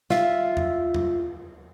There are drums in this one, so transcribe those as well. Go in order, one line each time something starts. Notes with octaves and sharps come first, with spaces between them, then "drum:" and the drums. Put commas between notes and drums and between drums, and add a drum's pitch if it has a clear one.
F4 E5, drum: snare
drum: tom E2
drum: tom E2